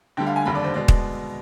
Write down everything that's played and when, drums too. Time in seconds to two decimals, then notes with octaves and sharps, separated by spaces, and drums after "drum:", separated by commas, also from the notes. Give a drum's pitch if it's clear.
0.17 D2 D3 G3 G5
0.26 F5
0.36 G#5
0.45 F1 D#2 D3 G3 B5
0.55 D5
0.64 C5
0.74 B2 G#3 D5
0.88 drum: kick